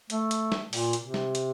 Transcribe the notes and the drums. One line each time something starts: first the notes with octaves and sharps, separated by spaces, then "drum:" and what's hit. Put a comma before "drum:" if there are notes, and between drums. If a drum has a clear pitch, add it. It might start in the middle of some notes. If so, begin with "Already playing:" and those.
A3, drum: hi-hat
drum: hi-hat
drum: snare
A#2, drum: open hi-hat
drum: hi-hat
C3
drum: snare
drum: hi-hat